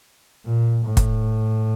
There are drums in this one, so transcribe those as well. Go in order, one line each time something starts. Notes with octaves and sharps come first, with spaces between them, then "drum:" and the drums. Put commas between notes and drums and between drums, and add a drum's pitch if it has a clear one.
A#2
A2
drum: kick, hi-hat